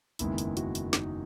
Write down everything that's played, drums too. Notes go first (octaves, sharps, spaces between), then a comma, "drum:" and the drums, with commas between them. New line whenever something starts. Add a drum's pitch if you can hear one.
F#1 E2 D#3 G#3 E4, drum: hi-hat
drum: hi-hat
F#4, drum: hi-hat
drum: hi-hat
D#4, drum: snare